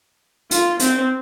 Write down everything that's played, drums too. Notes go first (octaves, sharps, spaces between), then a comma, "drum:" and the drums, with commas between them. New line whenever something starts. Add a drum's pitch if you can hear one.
F4, drum: hi-hat
C4, drum: hi-hat